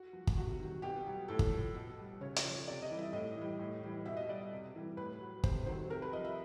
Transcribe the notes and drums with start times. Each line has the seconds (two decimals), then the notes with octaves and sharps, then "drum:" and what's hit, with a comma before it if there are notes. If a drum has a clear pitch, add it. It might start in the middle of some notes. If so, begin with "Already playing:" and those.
Already playing: F#4
0.13 F3
0.27 drum: kick
0.37 C3 F#4
0.60 D#3 F#3
0.82 B2 G4
1.06 F#3
1.28 A2 A4
1.39 drum: kick
1.52 F3
1.75 B2
1.98 G3
2.21 C#3 C#5
2.36 D5, drum: hi-hat
2.44 F3
2.52 C#5
2.67 C3 D5
2.82 D#5
2.91 E3 G3
2.99 E5
3.13 A2 D#5
3.36 E3
3.41 G3
3.59 A2
3.83 E3 G3
4.06 B2 E5
4.17 D#5
4.28 G3 D5
4.51 C3
4.75 E3 G3
4.97 A2 B4
5.21 F#3
5.44 C3 C5, drum: kick
5.66 D#3 F#3 C5
5.90 C3 A#4
6.02 B4
6.13 F3 D#5
6.24 E5